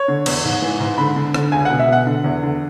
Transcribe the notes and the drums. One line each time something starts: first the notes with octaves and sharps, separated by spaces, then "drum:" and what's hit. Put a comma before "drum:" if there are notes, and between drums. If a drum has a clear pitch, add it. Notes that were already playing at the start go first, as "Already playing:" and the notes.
Already playing: C#5
D3
E2, drum: cymbal
G#2
E3
G#2
D3 B5
D3
D3, drum: rim click
C#2 G#5
B2 F#5
E5
B2 F#5
D3
E2
D3